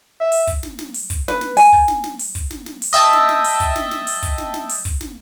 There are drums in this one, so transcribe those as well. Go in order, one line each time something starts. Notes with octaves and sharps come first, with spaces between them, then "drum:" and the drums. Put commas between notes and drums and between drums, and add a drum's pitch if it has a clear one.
E5
drum: open hi-hat
drum: kick, hi-hat
drum: snare
drum: snare
drum: open hi-hat
drum: kick, hi-hat
B4, drum: snare
drum: snare
G#5, drum: open hi-hat
drum: kick
drum: snare
drum: snare
drum: open hi-hat
drum: kick, hi-hat
drum: snare
drum: snare
drum: open hi-hat
D#5 E5 G5 A5
drum: snare
drum: snare
drum: open hi-hat
drum: kick, hi-hat
drum: snare
drum: snare
drum: open hi-hat
drum: kick, hi-hat
drum: snare
drum: snare
drum: open hi-hat
drum: kick, hi-hat
drum: snare